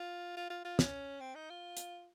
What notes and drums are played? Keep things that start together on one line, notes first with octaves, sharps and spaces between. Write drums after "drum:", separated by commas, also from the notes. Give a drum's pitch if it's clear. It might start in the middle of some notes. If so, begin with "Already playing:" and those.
Already playing: F4
F4
F4
F4
C#4, drum: snare
C4
D#4
F4
drum: hi-hat